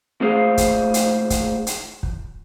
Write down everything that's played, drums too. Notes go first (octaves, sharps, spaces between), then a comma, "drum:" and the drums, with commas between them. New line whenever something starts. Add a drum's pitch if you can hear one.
A#2 A3 G#4 C5 F5
drum: kick, hi-hat
drum: hi-hat
drum: kick, hi-hat
drum: hi-hat
drum: kick